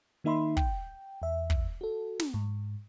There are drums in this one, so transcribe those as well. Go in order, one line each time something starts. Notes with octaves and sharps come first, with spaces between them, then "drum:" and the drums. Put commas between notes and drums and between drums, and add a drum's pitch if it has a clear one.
D#3 A#3 D#4 E5 B5 C6
G5, drum: kick
E2 E5
drum: kick
F#4 A4
drum: snare
G#2